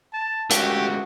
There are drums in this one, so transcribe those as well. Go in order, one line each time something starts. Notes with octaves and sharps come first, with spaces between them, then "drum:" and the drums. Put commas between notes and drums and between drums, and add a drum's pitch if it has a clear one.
A5
C#2 A3 F#4 G4, drum: hi-hat